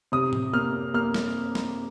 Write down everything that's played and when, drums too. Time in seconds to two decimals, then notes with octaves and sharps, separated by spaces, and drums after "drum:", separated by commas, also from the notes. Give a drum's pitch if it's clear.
0.12 C3 D#6
0.33 drum: tom A2
0.53 A#3 F6
0.94 A#3 F6
1.14 drum: snare
1.55 drum: snare